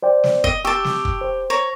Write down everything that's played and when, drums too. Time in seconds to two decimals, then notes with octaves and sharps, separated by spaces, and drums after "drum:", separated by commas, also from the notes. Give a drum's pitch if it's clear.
0.03 C5 D5 G5
0.24 drum: snare
0.44 D#5, drum: kick
0.65 G4 G5 A5 C#6 E6
0.85 drum: snare
1.05 drum: kick
1.21 C5
1.50 C#5 A#5